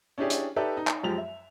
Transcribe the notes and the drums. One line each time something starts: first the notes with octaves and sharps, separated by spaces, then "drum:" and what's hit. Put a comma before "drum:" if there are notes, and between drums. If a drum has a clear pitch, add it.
C#4 D4 E4 G4 G#4 D5
drum: hi-hat
D#4 G4 A4 B4 D5 E5
D#4
drum: clap
F#2 F3 G#3 G4 F7
E5